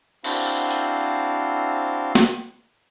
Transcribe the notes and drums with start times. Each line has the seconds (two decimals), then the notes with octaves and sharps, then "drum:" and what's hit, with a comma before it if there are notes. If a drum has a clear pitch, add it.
0.24 C4 D4 E4 F#4 C5 F5, drum: cymbal
0.71 drum: hi-hat
2.15 drum: snare